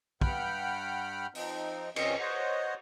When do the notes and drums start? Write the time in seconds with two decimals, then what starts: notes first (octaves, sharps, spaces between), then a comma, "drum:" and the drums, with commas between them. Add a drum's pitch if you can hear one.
0.21 G2 F#5 G5 B5 F6 G6, drum: kick
1.35 F3 C4 D#4, drum: open hi-hat
1.96 F2 D#3 C4 C#4 D#5, drum: cymbal
2.20 C5 C#5 D#5 F#5